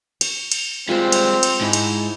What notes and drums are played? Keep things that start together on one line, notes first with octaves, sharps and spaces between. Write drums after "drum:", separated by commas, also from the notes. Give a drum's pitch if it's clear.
C#6, drum: cymbal
drum: cymbal
G3 G#3 C4 F4 C5
drum: cymbal
drum: cymbal
G#2 D#4 E4
drum: cymbal